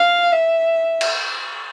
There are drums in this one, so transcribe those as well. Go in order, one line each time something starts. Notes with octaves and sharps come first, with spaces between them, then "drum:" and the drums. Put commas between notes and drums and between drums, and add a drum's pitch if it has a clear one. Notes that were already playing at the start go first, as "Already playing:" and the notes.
Already playing: F5
E5
drum: cymbal